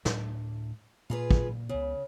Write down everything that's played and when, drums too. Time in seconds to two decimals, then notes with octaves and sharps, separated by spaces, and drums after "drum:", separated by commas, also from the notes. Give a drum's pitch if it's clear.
0.05 D2 A2 D4, drum: snare
1.10 A#2 F4 G#4 B4
1.31 drum: kick
1.69 C#2 C#3 B3